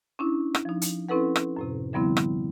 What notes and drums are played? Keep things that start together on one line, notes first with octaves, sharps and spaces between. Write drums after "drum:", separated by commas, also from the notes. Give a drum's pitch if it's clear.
C#4 D4 E4
drum: rim click
F3 D#4
drum: hi-hat
C4 C#4 E4 A4 B4 F#5
drum: rim click
F#2 A2 C3
D3 F3 G3 B3 C4 E4
drum: rim click